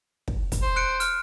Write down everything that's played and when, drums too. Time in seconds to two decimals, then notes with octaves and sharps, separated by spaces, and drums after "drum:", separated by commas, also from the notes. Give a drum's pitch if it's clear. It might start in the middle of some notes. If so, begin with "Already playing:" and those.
0.28 drum: kick
0.52 drum: kick, hi-hat
0.63 C5
0.76 F#6 C#7 D7
1.00 F6, drum: hi-hat